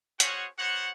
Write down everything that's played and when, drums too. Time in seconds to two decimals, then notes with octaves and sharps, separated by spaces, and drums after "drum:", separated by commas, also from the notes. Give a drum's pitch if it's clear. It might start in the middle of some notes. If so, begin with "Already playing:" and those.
0.20 C#4 F#4 G#4 C5 C#5 F#5, drum: hi-hat
0.58 B3 F#4 C5 C#5 F#5